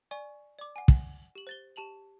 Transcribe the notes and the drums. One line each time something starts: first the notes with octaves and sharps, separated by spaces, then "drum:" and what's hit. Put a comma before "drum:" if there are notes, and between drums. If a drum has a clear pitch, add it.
D5 G#5 C#6
D5 D6
F#5 G#5
drum: kick
G4 F#7
C5 A6 G7
G4 A5 F7 F#7